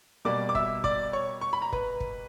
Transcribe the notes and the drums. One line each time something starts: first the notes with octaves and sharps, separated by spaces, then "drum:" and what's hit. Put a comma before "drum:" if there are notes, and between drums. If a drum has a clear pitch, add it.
B2 G3 A#3 D5 D6
D6
E5 E6, drum: kick
D5 D6, drum: kick
C#5 C#6
C#6
B5
A#5
B4 B5, drum: kick
drum: kick